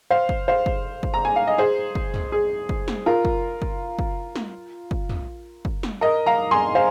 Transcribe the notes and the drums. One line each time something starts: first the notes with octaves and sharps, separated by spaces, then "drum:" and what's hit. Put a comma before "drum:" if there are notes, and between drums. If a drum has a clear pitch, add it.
C5 F5
drum: kick
C5 F5
drum: kick
drum: kick
A#5
G#5
F5
D#5
G#4 C5
drum: kick
drum: tom
G#4
drum: kick
drum: snare
F4 A#4
drum: kick
drum: kick
drum: kick
drum: snare
drum: kick
drum: tom
drum: kick
drum: snare
A#4 D#5
F5 A#5
G#5 C6
C5 F5